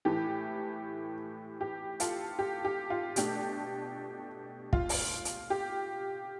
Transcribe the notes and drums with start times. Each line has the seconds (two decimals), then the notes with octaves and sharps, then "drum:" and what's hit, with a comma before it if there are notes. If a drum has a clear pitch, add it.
0.05 A2 E3 A3 G4
1.61 G4
2.00 F4 A4, drum: hi-hat
2.39 G4
2.65 G4
2.90 F4
3.16 B2 A3 D4 G4, drum: hi-hat
4.73 F4, drum: kick
4.89 drum: open hi-hat
5.25 drum: hi-hat
5.50 G4